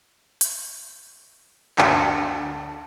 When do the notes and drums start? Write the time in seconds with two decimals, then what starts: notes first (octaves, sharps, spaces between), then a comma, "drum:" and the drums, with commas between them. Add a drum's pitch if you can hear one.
0.41 drum: hi-hat
1.78 D2 A5 C#7, drum: clap